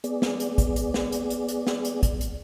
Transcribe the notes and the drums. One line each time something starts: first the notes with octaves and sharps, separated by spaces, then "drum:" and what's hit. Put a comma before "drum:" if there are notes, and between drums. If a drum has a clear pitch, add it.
B3 G#4 D5, drum: hi-hat
drum: snare
drum: hi-hat
drum: kick, hi-hat
drum: hi-hat
drum: snare
drum: hi-hat
drum: hi-hat
drum: hi-hat
drum: snare
drum: hi-hat
drum: kick, hi-hat
drum: hi-hat